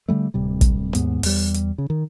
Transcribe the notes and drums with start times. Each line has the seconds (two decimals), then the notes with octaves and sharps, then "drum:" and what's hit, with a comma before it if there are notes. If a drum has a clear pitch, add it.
0.09 D3 D#3 G3 A3
0.34 D1 C3 G3
0.61 drum: kick, hi-hat
0.95 D#2 G#2 B3, drum: hi-hat
1.23 E2 G3, drum: open hi-hat
1.54 drum: hi-hat
1.78 C#3
1.90 D#3